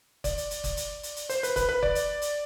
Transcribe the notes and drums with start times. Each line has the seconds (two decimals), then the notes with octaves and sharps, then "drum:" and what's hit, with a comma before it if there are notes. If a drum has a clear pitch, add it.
0.24 D5, drum: kick F#1, hi-hat
0.37 drum: hi-hat
0.51 drum: hi-hat
0.64 drum: kick F#1, hi-hat
0.77 drum: hi-hat
1.03 drum: hi-hat
1.16 drum: hi-hat
1.30 C5, drum: hi-hat
1.43 B4, drum: hi-hat
1.56 B4, drum: kick F#1, hi-hat
1.69 B4
1.83 D5, drum: kick F#1
1.95 drum: hi-hat
2.22 drum: hi-hat